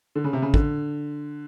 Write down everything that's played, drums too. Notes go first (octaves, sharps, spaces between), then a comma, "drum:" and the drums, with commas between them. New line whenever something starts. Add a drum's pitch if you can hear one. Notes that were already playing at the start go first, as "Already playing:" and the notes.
D3
C#3
C3
C#3
D3, drum: kick